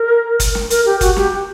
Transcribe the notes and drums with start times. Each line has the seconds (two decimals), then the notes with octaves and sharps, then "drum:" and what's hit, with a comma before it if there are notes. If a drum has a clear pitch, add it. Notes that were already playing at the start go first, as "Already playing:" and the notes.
Already playing: A#4
0.40 drum: kick, hi-hat
0.55 drum: snare
0.70 A#4, drum: hi-hat
0.86 G4
1.01 F#4, drum: kick, hi-hat
1.17 G4, drum: snare